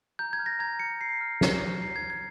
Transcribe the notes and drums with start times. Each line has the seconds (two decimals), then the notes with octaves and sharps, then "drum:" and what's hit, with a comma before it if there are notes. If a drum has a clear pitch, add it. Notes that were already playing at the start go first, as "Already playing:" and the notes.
0.19 A#5 G6
0.33 G#6
0.39 F6
0.46 A#6
0.59 A#5 G#6
0.79 F6 C#7
1.01 A#5 C7
1.21 F6
1.41 A#5, drum: snare
1.61 F6
1.82 A#5 C7
1.96 G#6
2.03 F6
2.10 G#6